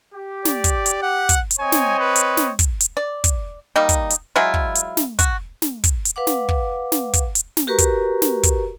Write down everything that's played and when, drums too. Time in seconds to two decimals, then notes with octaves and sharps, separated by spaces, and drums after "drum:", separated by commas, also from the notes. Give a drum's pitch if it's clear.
0.13 G4
0.45 D5, drum: snare
0.64 drum: kick, hi-hat
0.86 drum: hi-hat
1.02 F#5
1.29 drum: kick, hi-hat
1.51 drum: hi-hat
1.60 C4 C#5 D#5 G#5
1.72 drum: snare
1.99 B4
2.16 drum: hi-hat
2.37 drum: snare
2.59 drum: kick, hi-hat
2.80 drum: hi-hat
2.97 D5
3.24 drum: kick, hi-hat
3.76 G3 A#3 D#4
3.89 drum: kick, hi-hat
4.10 drum: hi-hat
4.36 F#3 G#3 E4 F4
4.54 drum: kick
4.75 drum: hi-hat
4.97 drum: snare
5.19 F#4, drum: kick, hi-hat
5.62 drum: snare
5.84 drum: kick, hi-hat
6.05 drum: hi-hat
6.16 B4 F5 F#5 D6
6.27 drum: snare
6.49 drum: kick
6.92 drum: snare
7.13 drum: kick, hi-hat
7.35 drum: hi-hat
7.57 drum: snare
7.67 F#4 G4 A#4 B4 A#5 C#6
7.78 drum: kick, hi-hat
8.22 drum: snare
8.43 drum: kick, hi-hat